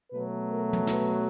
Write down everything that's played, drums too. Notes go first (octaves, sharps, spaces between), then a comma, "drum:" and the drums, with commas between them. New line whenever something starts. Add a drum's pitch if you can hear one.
B2 F#3 A3 B4
A#4
drum: tom
B4, drum: snare